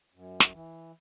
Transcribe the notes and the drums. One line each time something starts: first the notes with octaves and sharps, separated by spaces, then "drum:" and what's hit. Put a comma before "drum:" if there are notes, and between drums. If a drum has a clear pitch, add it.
F#2
drum: snare
E3